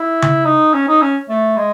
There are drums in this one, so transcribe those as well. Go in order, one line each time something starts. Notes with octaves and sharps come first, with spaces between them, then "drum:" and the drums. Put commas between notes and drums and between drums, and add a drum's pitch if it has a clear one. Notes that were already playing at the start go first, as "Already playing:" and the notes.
Already playing: E4
drum: tom C#3
D#4
C#4
D#4
C#4
A3
G#3